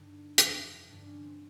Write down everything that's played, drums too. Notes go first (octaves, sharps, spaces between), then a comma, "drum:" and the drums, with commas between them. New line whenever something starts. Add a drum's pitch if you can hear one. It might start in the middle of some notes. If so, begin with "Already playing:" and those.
Already playing: G2 D3 D#4
F2 C3 E3, drum: hi-hat
G2 D3 D4
C#4
C4